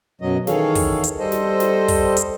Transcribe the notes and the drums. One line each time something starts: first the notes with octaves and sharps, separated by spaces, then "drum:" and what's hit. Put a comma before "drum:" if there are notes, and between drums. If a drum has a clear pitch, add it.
F#2 B2 F#3 D#5
D#3 E3 G#4 A4 C#5 F5, drum: snare
drum: kick, open hi-hat
drum: hi-hat
G3 A4 C5 D#5
drum: snare
drum: snare
drum: kick, open hi-hat
drum: hi-hat